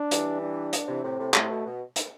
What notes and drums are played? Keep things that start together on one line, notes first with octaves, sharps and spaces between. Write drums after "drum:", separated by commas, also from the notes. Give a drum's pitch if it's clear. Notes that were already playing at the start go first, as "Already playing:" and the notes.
Already playing: D4
E3 G3, drum: hi-hat
D4
drum: hi-hat
C3 E3
A2 C3 C4
A2 C3
A2 C3 A3, drum: clap
B2
B2
drum: hi-hat